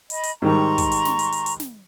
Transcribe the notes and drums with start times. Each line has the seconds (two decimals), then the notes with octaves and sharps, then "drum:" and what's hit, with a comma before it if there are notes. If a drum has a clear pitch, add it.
0.10 D#5 B5, drum: hi-hat
0.23 drum: hi-hat
0.42 G#2 D#3 G3 A#5 C6 C#6
0.78 drum: kick, hi-hat
0.92 drum: hi-hat
1.05 drum: snare
1.19 drum: hi-hat
1.32 drum: hi-hat
1.46 drum: hi-hat
1.60 drum: snare